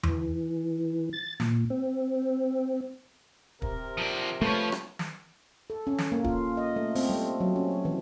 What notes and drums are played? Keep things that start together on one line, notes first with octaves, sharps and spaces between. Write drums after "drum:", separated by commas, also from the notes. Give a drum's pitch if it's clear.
E3, drum: tom E2
A6
A#2, drum: snare
C4
C3 A#4, drum: kick
F3 D5
F3 A3 B4 C#5
drum: rim click
drum: snare
A4
C#4
drum: snare
A#3
F4, drum: kick
D#5
A3
C4, drum: open hi-hat
G3
F#3
C#4
E3